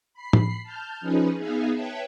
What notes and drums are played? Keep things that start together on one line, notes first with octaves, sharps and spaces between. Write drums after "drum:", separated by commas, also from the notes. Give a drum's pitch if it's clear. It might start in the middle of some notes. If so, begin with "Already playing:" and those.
B5 C7
drum: tom A2
A5 F6 G6
F3 C#4 D#4 G#4 B4
B3 D#4 G#4 E5 F5
B4 C#5 E5 G5 A5